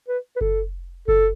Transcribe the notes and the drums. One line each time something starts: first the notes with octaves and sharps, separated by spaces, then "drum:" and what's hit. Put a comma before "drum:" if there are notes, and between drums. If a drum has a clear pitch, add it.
B4
B4
A4, drum: kick F#1
A4, drum: kick F#1